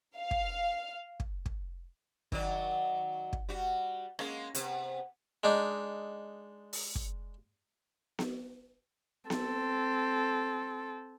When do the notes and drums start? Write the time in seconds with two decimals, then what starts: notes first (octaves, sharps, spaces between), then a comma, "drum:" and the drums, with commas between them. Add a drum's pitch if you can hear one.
0.16 F5
0.31 drum: kick
1.20 drum: kick
1.46 drum: kick
2.32 D#3 F#3 D5, drum: kick
3.33 drum: kick
3.49 G3 F#4
4.19 G#3 A#3 C#4, drum: rim click
4.55 C3 B3, drum: hi-hat
5.44 G#3 D4 D#4
6.73 drum: open hi-hat
6.95 drum: kick
8.19 drum: snare B3
9.30 C4 A4, drum: snare B3